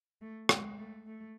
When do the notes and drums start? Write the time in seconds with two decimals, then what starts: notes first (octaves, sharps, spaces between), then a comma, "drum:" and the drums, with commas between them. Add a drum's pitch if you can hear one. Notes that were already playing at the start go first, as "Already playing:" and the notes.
0.22 A3
0.49 G#3, drum: rim click
0.78 A3
1.07 A3